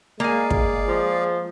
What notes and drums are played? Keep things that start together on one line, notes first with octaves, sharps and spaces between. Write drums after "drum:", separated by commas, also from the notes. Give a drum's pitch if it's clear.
G#3 A#3 G#4 D5 F5 G#5
drum: kick
F3